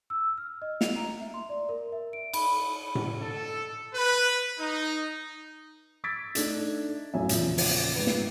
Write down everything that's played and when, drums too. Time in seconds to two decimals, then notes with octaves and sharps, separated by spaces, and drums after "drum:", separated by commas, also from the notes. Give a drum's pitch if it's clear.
0.10 E6
0.38 F6
0.62 D#5
0.81 F7, drum: snare
0.96 A#5
1.21 E5
1.34 C6
1.49 D5
1.69 A#4
1.92 E5
2.13 D7
2.33 B5, drum: cymbal
2.95 drum: tom A2
3.22 A4
3.95 B4
4.59 D#4
6.04 E6 G#6 A6 B6 D7
6.35 A3 D4 D#4 A4, drum: hi-hat
7.13 B1 F#2 A2 E5 G#5
7.29 E2 A#2 C#3 F3, drum: hi-hat
7.58 drum: open hi-hat
7.96 G#2 B4
8.07 drum: snare